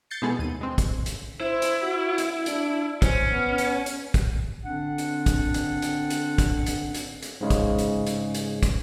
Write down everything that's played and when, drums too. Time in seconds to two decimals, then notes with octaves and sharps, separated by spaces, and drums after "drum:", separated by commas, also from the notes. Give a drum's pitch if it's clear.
0.11 G6 A6 C7 C#7
0.22 B2 E3 G#3 B3 G#4 A4
0.39 D#2 D#7
0.61 G#3 C4
0.78 drum: kick, hi-hat
1.06 drum: hi-hat
1.41 E4 C5
1.62 drum: hi-hat
1.82 F#4
2.18 drum: hi-hat
2.46 D4, drum: hi-hat
3.02 C#4 C5, drum: kick, hi-hat
3.31 B3
3.58 drum: hi-hat
3.86 drum: hi-hat
4.14 drum: kick, hi-hat
4.65 D3 C4 D4 F#5
4.98 drum: hi-hat
5.26 drum: kick, hi-hat
5.54 drum: hi-hat
5.82 drum: hi-hat
6.10 drum: hi-hat
6.38 drum: kick, hi-hat
6.66 drum: hi-hat
6.94 drum: hi-hat
7.22 drum: hi-hat
7.41 G#2 C#3 G#3
7.50 drum: kick, hi-hat
7.78 drum: hi-hat
8.07 drum: hi-hat
8.35 drum: hi-hat
8.63 drum: kick, hi-hat